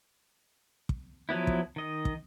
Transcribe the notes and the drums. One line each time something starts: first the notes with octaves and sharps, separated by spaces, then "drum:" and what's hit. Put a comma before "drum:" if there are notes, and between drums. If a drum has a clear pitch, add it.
drum: kick
F3 F#3 B3 E4
drum: kick
D#3 D#5
drum: kick